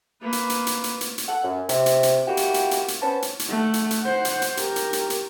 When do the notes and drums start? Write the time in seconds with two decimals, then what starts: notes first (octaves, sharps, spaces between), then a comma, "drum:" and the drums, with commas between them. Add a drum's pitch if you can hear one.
0.22 A#3 B4
0.33 drum: hi-hat
0.50 drum: hi-hat
0.67 drum: hi-hat
0.84 drum: hi-hat
1.01 drum: hi-hat
1.18 drum: hi-hat
1.28 A4 F#5
1.44 F#2
1.69 C3, drum: hi-hat
1.86 drum: hi-hat
2.03 drum: hi-hat
2.28 A#3 E4 F#4 G4
2.37 drum: hi-hat
2.54 drum: hi-hat
2.71 drum: hi-hat
2.88 drum: hi-hat
3.02 B3 C#4 C5 A5
3.22 drum: hi-hat
3.39 drum: hi-hat
3.48 A3 F#5
3.74 drum: hi-hat
3.91 drum: hi-hat
4.01 C5 F#5
4.25 drum: hi-hat
4.42 drum: hi-hat
4.57 G4 A#4, drum: hi-hat
4.76 drum: hi-hat
4.93 drum: hi-hat
5.10 drum: hi-hat